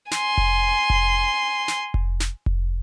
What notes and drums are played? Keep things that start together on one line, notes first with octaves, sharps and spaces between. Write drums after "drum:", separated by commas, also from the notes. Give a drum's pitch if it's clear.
G#5 C6, drum: snare
drum: kick F1
drum: kick F1
drum: snare
drum: kick F1
drum: snare
drum: kick F1